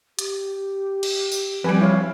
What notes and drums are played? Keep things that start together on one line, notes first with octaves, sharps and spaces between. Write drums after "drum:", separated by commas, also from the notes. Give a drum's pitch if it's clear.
G4, drum: hi-hat
drum: cymbal
drum: tambourine
F2 G3 B4 G#5
E4 C#5 F5